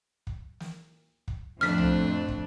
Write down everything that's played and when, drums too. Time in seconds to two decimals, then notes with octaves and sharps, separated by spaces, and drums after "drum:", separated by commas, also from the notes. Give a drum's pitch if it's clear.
0.27 drum: kick
0.60 drum: snare
1.28 drum: kick
1.61 F2 A2 A3 D4 F6 B6, drum: snare
1.78 drum: tom
2.28 drum: kick